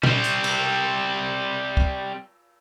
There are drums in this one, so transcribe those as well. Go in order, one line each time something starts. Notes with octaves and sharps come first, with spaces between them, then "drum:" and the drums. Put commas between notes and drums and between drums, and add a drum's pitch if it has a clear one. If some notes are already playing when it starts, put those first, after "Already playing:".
G3 C4, drum: tom A#2
drum: hi-hat
drum: cymbal
drum: kick